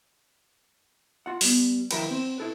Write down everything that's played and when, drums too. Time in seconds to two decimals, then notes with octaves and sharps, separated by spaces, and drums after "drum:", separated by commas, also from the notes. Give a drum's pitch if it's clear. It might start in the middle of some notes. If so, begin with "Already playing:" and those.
1.26 F4 F#5
1.41 G3 B3, drum: open hi-hat
1.91 D#2 F3 E4 A#4 B4 G5, drum: cymbal
2.11 C4 C5
2.38 E4 A4 B4